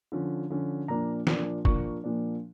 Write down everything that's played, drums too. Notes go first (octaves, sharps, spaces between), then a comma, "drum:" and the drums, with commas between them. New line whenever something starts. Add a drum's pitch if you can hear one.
D3 F3 C#4
D3 F3 C#4
A#2 F3 A#3 D4 A#5
A#2 F3 A#3 D4, drum: snare
A#2 F3 A#3 D4 C#6, drum: kick
A#2 F3 A#3 D4